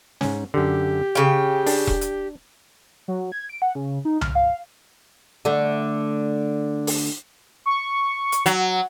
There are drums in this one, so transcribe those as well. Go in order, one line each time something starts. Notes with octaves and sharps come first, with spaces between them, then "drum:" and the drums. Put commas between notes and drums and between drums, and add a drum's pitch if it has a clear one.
G#2 C#4, drum: snare
F#2 D3 G4
C#3 F5 G5
D4, drum: open hi-hat
drum: kick E1
drum: hi-hat
F#3
G#6
D7
F#5
C#3
D#4
F6, drum: tom C2
F5
D3 A3
drum: open hi-hat
C#6
drum: hi-hat
F#3, drum: hi-hat